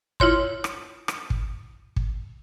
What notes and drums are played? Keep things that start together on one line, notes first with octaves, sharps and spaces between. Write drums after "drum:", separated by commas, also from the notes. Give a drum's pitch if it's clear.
E4 F4 C#5 C6, drum: kick
drum: rim click
drum: rim click
drum: kick
drum: kick